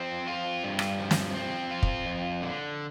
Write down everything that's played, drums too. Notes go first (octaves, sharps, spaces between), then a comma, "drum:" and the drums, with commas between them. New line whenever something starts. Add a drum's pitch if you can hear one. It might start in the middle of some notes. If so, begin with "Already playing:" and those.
Already playing: F3 C4
F4
G2
drum: rim click
F3
drum: snare
C4
F4
drum: kick
F2
D3